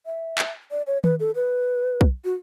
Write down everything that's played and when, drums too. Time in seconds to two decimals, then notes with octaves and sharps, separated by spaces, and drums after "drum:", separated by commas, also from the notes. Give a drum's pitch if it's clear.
0.06 E5
0.38 drum: clap
0.71 D5
0.87 C#5
1.04 B4, drum: tom D#3
1.20 A4
1.35 B4
2.01 drum: kick
2.25 F#4